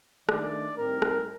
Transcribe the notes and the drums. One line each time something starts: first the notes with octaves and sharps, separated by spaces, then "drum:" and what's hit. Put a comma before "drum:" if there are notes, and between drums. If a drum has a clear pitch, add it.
D#3 A3 D4 D5, drum: rim click
A2 G3 C4 D#4 A#4
drum: rim click